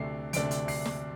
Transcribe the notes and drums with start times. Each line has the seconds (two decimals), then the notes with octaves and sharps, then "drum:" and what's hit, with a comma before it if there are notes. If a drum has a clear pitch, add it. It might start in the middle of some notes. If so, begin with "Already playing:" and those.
Already playing: D2 C3 A3 D4 C7
0.33 D2 C3 A3 D4 D7, drum: hi-hat
0.51 drum: hi-hat
0.68 C7, drum: open hi-hat
0.85 drum: snare